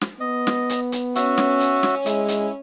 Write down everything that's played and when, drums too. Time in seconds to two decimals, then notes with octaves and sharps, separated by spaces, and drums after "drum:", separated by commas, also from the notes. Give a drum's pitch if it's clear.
0.01 drum: snare
0.20 B3 D#5
0.47 drum: snare
0.70 drum: hi-hat
0.92 drum: hi-hat
1.15 C#4 F#4 E5, drum: hi-hat
1.38 drum: snare
1.60 drum: hi-hat
1.83 drum: snare
2.06 G#3 E4, drum: hi-hat
2.28 drum: hi-hat